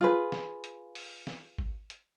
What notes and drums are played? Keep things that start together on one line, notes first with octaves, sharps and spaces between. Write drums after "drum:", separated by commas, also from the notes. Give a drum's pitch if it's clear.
F4 G#4 B4
drum: snare
drum: hi-hat
drum: open hi-hat
drum: snare
drum: kick
drum: hi-hat